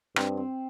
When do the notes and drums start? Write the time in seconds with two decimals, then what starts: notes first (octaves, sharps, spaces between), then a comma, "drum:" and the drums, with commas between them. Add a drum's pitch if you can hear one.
0.16 G2 C4, drum: rim click
0.37 C4